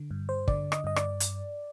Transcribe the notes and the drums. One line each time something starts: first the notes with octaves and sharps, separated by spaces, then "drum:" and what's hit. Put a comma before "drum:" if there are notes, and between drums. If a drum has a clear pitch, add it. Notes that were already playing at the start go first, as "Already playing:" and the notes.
Already playing: D3
G2
C5
D3 D5, drum: kick
D#5, drum: rim click
G2 D#5
D5, drum: rim click
drum: hi-hat